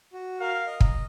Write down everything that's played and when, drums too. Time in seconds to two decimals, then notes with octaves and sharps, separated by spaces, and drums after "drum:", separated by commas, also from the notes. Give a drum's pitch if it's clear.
0.13 F#4
0.40 A#4 F5
0.67 D#5
0.81 drum: kick